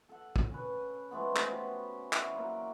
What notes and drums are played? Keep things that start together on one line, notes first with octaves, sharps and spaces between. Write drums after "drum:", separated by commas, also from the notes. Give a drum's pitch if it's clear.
A4 F#5
drum: kick
C#4 B4
F3 G#3 A3 B3
drum: clap
B3 C#4 F#4 G4
E4 F#4 D5, drum: clap
F#3 A#3 C6